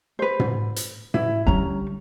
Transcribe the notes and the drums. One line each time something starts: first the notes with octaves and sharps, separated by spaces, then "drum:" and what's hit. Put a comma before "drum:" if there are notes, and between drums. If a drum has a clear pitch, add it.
B4 C5
drum: tom
drum: hi-hat
E4, drum: tom
D3 G3 C#4 A#5